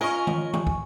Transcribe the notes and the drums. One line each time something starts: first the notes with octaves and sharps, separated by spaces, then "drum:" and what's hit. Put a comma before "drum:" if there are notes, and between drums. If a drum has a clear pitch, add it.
C#4 F4 A#4 D#5 G#5 C#6
drum: tom D#3
drum: tom D#3
drum: kick